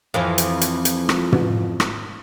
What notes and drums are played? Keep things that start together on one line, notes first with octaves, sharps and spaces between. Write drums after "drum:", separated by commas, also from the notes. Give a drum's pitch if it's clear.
F2 E3 F3
drum: hi-hat
drum: hi-hat
drum: hi-hat
drum: rim click
drum: tom
drum: rim click